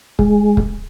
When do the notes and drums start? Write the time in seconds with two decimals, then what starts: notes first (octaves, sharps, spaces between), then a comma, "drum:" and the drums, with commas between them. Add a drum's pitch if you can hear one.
0.19 G#3, drum: kick
0.57 drum: kick